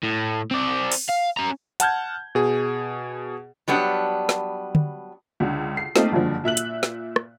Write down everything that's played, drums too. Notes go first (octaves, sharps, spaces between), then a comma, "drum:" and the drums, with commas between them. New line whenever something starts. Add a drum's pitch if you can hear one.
A2
C4 D5
drum: open hi-hat
F5
C#4 A#5
F#5 A5 F6 G6 G#6, drum: hi-hat
B2 G#4
F#3 G3 B3 D4
drum: snare
drum: tom D3
C#2 D3
C7
A3 A#3 C4 D#4 F4, drum: snare
F#1 G2 D3 F3
A#2 E5 F#6 F#7
drum: hi-hat
drum: snare
drum: rim click